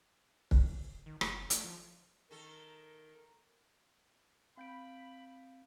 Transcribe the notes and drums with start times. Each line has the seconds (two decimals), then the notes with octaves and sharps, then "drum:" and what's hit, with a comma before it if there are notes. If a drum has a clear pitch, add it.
0.51 drum: kick
1.06 D#3
1.21 F#1, drum: rim click
1.37 F#1
1.50 A3, drum: hi-hat
1.64 F3
2.31 D#3 A4 A#4
4.57 C4 F5 B5 G6 D7